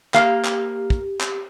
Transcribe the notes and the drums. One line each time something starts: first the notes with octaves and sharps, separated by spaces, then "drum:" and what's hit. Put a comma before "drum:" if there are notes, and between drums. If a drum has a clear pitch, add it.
A#3 G4 F5, drum: clap
drum: clap
drum: kick
drum: clap